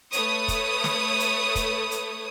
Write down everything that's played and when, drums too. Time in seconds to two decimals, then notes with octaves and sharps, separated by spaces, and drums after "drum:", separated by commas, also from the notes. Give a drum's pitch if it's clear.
0.13 A3 B4 C#5 D#6, drum: hi-hat
0.48 drum: kick, hi-hat
0.84 drum: snare
1.20 drum: hi-hat
1.55 drum: kick, hi-hat
1.91 drum: hi-hat